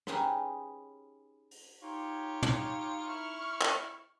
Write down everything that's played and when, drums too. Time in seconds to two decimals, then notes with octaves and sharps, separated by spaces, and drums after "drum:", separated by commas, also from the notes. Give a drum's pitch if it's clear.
0.07 C#4 D#4 G4 G#4 B4 C5, drum: rim click
1.51 drum: open hi-hat
1.82 D#4 F4 G4 C#5
2.43 drum: tom
3.08 E4 C#6 F6
3.61 drum: clap